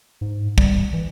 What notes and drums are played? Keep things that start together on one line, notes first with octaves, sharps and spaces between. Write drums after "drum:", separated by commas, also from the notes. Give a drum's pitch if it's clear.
G#2
G3, drum: kick
E3